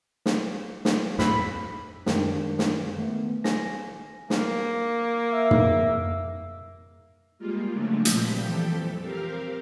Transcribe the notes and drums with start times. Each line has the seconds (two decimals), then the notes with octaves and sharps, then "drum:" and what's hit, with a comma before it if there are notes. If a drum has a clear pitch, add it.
0.26 drum: snare
0.85 drum: snare
1.18 F2 A2 B5, drum: snare
2.06 F#2 D#3 G3 G#3 D4 G5, drum: snare
2.59 drum: snare
2.97 D#3 A3 B3
3.44 G#5 A#6, drum: snare
4.30 A#3, drum: snare
5.33 E5
5.51 drum: tom
7.39 G3 G#3 A#3 F4
7.72 C#3 F3 F#3 G#3 A3 D4
8.05 A#2 F3 G3 C4 G6 B6, drum: hi-hat
8.40 E3 F3 G4 A4
8.69 F2
9.00 C4 G4 A#4 F5